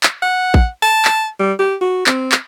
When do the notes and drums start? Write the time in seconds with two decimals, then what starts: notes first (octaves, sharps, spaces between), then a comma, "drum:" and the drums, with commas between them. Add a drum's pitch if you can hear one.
0.03 drum: clap
0.22 F#5
0.54 drum: kick A1
0.82 A5
1.05 drum: clap
1.39 G3
1.59 G4
1.81 F#4
2.06 C4, drum: clap
2.32 drum: clap